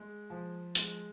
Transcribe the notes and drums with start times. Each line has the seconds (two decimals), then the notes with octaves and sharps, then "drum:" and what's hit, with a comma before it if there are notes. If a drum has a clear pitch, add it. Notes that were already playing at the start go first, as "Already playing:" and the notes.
Already playing: G#3
0.30 F3
0.75 G#3, drum: hi-hat